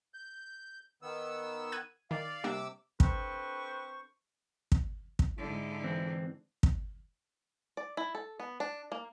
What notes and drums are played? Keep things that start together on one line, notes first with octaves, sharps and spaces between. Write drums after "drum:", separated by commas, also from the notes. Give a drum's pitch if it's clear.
G6
D#3 B3 E6
F#6 G#6 D#7
D#3 D5 F5
C3 G3 A#3 D4 D6 E6
C4 D4 A4 B4 C5 C#6, drum: kick
drum: kick
drum: kick
G#2 D3 E4
E3 C4
drum: kick
D5
E4
A4
B3
D4
A#3